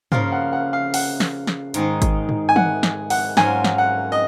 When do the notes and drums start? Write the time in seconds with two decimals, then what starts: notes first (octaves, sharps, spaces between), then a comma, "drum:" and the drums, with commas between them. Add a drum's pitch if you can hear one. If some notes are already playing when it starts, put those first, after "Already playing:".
0.12 C#3 F3 A#3 F4 F5, drum: tom
0.32 F#5
0.53 F#5
0.73 F5
0.94 F#5, drum: open hi-hat
1.20 drum: snare
1.47 drum: snare
1.74 G#2 D#3 G#3 D#4, drum: hi-hat
2.02 drum: kick G#1, hi-hat
2.29 drum: tom
2.49 G#5
2.56 F#5, drum: tom
2.83 drum: snare
3.10 F#5, drum: open hi-hat
3.37 G#2 F#3 C#4 F4 G#5, drum: snare
3.64 drum: snare
3.78 F#5
4.12 D#5